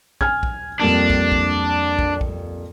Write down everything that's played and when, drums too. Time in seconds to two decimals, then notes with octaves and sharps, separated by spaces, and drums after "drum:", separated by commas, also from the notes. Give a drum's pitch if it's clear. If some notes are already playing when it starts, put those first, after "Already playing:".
0.21 G#5 F6 G#6, drum: kick
0.43 drum: kick
0.81 F2 G3 A#3 D4
1.10 drum: kick
1.32 drum: kick
1.99 drum: kick
2.21 drum: kick